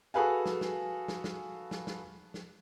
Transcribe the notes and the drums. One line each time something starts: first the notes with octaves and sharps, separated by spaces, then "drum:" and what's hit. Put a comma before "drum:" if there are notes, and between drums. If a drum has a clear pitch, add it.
F#4 G#4 A4 B4 F5 G#5
drum: snare
drum: snare
drum: snare
drum: snare
drum: snare
drum: snare
drum: snare